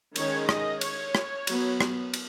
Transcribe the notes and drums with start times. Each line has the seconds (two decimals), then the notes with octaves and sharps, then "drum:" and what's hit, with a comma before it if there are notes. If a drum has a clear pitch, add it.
0.16 D#3 G#3 C#4 C#5, drum: cymbal
0.49 D#5, drum: rim click
0.81 C#5, drum: cymbal
1.15 drum: rim click
1.47 F#3 B3, drum: cymbal
1.81 drum: rim click
2.13 drum: cymbal